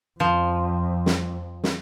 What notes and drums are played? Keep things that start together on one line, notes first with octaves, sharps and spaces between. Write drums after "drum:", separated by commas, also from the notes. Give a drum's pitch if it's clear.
F2 F3
drum: snare
drum: snare